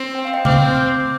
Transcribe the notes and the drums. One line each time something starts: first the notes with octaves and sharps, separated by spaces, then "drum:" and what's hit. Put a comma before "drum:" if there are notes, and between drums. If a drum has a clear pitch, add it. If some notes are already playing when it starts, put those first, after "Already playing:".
Already playing: C4
G5
F5
D#5 G5
C4 D6 F6, drum: tom C#3
G6
D6 F6